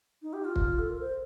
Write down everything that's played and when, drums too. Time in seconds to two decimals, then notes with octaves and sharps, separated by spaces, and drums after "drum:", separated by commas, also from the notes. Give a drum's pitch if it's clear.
0.22 D#4
0.33 G4
0.44 F4
0.56 drum: kick
0.79 A4
0.89 A#4
1.01 C5